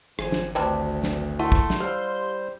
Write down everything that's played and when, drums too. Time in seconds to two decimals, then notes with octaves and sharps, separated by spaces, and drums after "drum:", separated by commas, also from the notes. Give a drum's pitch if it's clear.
0.19 G#1 F3 G#5, drum: rim click
0.32 drum: snare
0.55 D2 G3 C4 D4 B4
1.04 drum: snare
1.39 A3 E4 F#5 C6
1.52 drum: kick
1.70 drum: snare
1.80 G3 G4 C5 F5